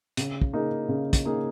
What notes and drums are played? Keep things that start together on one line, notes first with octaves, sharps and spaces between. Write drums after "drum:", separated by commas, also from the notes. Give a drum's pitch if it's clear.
C#3, drum: hi-hat
drum: kick
A#3 D#4 G#4
C#3
drum: kick, hi-hat
A#3 D#4 G#4